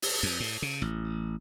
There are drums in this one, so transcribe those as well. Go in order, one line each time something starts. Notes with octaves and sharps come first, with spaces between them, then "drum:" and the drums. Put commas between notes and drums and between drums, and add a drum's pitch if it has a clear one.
drum: open hi-hat
F2
A2
C#3
A1